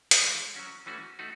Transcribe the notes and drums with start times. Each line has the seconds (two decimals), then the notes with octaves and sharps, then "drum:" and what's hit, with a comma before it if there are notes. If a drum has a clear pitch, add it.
0.11 drum: hi-hat
0.22 E3 G#3 D#4
0.55 F#3 C#4 F#4
0.86 E3 A3 C#4 F#4
1.19 A3 D#4 F#4